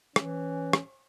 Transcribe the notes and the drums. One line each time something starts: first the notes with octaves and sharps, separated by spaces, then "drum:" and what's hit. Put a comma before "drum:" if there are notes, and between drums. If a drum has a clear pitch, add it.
E3 C#4, drum: rim click
drum: rim click